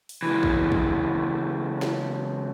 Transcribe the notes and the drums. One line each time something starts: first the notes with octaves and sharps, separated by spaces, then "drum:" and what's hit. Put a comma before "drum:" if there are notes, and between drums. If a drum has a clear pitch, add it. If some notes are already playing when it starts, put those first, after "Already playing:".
drum: open hi-hat
C#2 E3
drum: kick
drum: kick
drum: snare